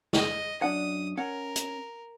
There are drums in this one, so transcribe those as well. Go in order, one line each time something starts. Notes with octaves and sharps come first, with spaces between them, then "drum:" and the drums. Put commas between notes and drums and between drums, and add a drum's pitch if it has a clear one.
D#5, drum: snare
F#2 D4 F#5 D#6
C#4 A#4 F#5
drum: hi-hat